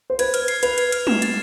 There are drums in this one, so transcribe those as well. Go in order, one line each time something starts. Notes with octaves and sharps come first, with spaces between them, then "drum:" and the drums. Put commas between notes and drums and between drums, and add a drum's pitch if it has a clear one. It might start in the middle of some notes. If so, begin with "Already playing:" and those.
C5
B4 G#6, drum: hi-hat
F6, drum: hi-hat
C7, drum: hi-hat
B4 F7, drum: hi-hat
G#6, drum: hi-hat
F6, drum: hi-hat
E7, drum: tom G3
A6, drum: hi-hat